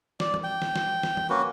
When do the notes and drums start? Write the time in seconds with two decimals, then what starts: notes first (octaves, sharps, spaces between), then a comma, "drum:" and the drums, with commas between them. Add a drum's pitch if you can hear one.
0.20 D5, drum: snare
0.34 drum: tom E3
0.43 G5
0.62 drum: snare
0.76 drum: snare
1.03 drum: snare
1.17 drum: tom E3
1.30 A#3 C#4 F#4 B4